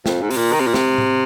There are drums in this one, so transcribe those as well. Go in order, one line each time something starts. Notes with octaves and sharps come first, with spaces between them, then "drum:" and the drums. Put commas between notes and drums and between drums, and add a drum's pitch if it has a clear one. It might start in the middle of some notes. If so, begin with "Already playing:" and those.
F2, drum: snare
G#2
C3, drum: open hi-hat
A#2
D#3
C3
A#2
C3, drum: snare
drum: tom A2